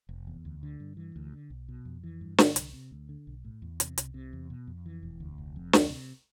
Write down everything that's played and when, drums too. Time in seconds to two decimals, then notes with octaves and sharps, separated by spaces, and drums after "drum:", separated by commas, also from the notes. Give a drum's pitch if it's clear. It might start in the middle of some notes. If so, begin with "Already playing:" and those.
0.09 F1
0.27 E2
0.45 D2
0.63 D3
0.80 G2
0.97 E3
1.16 D2
1.33 D3
1.50 B1
1.69 B2
1.85 F2
2.03 E3
2.21 G2
2.38 D3, drum: snare
2.56 C2, drum: hi-hat
2.73 C3
2.91 D2
3.09 D3
3.27 B1
3.44 A2
3.62 E2
3.80 C3, drum: hi-hat
3.98 C2, drum: hi-hat
4.14 C3
4.33 E2
4.50 B2
4.67 F2
4.86 E3
5.03 E1
5.20 D2
5.38 F1
5.56 F2
5.73 D2, drum: snare
5.90 C3